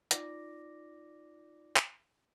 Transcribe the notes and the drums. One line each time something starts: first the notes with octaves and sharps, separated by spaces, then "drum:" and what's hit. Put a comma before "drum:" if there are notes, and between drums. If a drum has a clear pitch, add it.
D#4 F4 D5 D6 A#6, drum: hi-hat
drum: clap